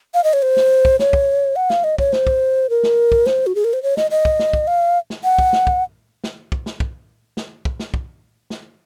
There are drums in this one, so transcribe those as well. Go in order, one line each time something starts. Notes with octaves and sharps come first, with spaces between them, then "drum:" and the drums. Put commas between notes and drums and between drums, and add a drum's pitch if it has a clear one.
F5
D#5
C#5
C5
drum: snare
drum: kick
C#5, drum: snare
drum: kick
F#5
F5, drum: snare
D#5
C#5, drum: kick
C5, drum: snare
drum: kick
A#4
drum: snare
drum: kick
C5, drum: snare
F#4
G#4
A#4
C5
C#5
D#5, drum: snare
D#5
drum: kick
drum: snare
drum: kick
F5
drum: snare
F#5
drum: kick
drum: snare
drum: kick
drum: snare
drum: kick
drum: snare
drum: kick
drum: snare
drum: kick
drum: snare
drum: kick
drum: snare